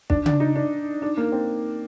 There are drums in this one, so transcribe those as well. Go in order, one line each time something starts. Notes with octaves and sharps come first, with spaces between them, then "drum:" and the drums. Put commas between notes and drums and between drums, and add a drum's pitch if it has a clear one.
D4, drum: kick
D4, drum: tom C#3
D#4
D4
D4
A#3
C4